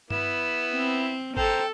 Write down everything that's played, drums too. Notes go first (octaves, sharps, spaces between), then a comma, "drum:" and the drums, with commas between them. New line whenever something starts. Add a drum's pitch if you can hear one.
B3 E4 E7, drum: tom G2
C4
A4 C5 G5 A#5, drum: kick G1